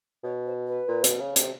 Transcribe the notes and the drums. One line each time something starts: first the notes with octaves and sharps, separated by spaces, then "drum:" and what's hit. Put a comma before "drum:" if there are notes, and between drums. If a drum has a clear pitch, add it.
B2 C#5
C5
B4
A#2
B2, drum: hi-hat
C#3
C3, drum: hi-hat